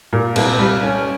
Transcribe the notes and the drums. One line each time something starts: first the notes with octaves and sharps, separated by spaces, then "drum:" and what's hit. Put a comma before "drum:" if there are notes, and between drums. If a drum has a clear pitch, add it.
A#2
C2, drum: cymbal
G3
C#4